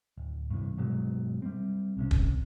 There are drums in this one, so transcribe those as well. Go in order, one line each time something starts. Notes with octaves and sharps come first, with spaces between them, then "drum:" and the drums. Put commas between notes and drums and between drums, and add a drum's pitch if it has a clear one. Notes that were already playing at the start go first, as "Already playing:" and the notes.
D1
G2 C3 E3
G2 B2 F#3 G#3
G3 C4
B1 C3 C#4
drum: kick